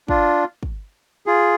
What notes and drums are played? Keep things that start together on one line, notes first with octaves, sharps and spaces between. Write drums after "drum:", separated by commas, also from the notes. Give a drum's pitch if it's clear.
D4 F4, drum: kick
drum: kick
F4 G#4